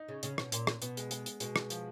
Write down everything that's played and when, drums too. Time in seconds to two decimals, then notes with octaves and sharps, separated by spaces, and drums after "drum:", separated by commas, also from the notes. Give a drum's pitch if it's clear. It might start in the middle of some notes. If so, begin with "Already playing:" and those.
Already playing: D#4
0.08 C#3
0.23 C#3 C#4, drum: hi-hat
0.38 B2, drum: rim click
0.52 A#2, drum: hi-hat
0.67 drum: rim click
0.82 B2 B3, drum: hi-hat
0.97 G#3, drum: hi-hat
1.11 G#3, drum: hi-hat
1.26 drum: hi-hat
1.40 B2 G#3, drum: hi-hat
1.56 drum: rim click
1.70 F3, drum: hi-hat